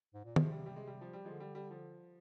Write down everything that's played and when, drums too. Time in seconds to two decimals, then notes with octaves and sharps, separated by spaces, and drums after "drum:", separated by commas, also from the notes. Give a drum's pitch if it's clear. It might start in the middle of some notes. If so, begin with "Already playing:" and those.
0.14 G#2
0.25 A#2
0.36 C3 F3 G#3, drum: tom
0.51 G3
0.66 G3
0.76 G#3
0.87 G3
1.01 F3
1.13 G3
1.25 D3 F3 G#3
1.40 G3
1.55 G3
1.71 F3